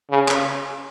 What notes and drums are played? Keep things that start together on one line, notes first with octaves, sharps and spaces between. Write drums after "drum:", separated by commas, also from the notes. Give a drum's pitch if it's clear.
C#3
drum: clap